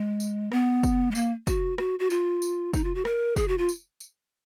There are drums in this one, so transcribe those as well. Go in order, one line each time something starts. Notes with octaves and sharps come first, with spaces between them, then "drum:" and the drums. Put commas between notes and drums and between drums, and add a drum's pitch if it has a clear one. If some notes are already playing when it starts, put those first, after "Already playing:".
Already playing: G#3
drum: tambourine
B3, drum: rim click
drum: kick, tambourine
G#3
A#3, drum: tambourine
F#4, drum: kick, tambourine
F#4, drum: rim click
F#4
F4, drum: tambourine
drum: tambourine
D#4, drum: kick, tambourine
F4
F#4
A#4, drum: rim click
G#4, drum: kick, tambourine
F#4
F4
drum: tambourine
drum: tambourine